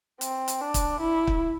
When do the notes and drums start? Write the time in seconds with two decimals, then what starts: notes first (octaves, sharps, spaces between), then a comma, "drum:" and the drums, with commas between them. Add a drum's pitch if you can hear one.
0.21 C4, drum: hi-hat
0.48 drum: hi-hat
0.61 D4
0.74 drum: kick, hi-hat
1.01 E4
1.27 drum: kick